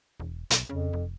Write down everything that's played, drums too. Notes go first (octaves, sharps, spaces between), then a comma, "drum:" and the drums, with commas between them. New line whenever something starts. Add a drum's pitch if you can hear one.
E1
B1, drum: hi-hat
F2 C#3
F1